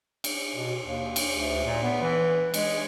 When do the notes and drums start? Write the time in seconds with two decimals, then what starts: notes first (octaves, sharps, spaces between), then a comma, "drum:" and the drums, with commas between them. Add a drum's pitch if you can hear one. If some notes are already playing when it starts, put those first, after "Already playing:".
0.24 drum: cymbal
0.55 B2
0.84 D#2
1.16 drum: cymbal
1.36 D2
1.64 A#2
1.82 B3
2.02 E3
2.54 G#3, drum: cymbal